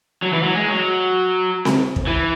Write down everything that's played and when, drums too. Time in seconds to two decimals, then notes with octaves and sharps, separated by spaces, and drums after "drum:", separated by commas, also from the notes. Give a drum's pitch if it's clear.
0.23 F#3
0.33 E3
0.43 F#3
0.54 G#3
0.69 F#3
1.65 drum: snare C4
1.96 drum: kick
2.07 E3